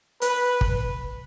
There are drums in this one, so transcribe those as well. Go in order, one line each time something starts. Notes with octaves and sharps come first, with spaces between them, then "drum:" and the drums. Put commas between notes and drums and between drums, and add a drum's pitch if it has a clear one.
B4, drum: hi-hat
drum: kick